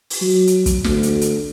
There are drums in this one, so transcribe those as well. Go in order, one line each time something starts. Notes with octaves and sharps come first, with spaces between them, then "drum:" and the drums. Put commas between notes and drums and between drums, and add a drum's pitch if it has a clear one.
drum: open hi-hat
F#3
drum: hi-hat
drum: kick, hi-hat
D2, drum: snare
drum: hi-hat
drum: hi-hat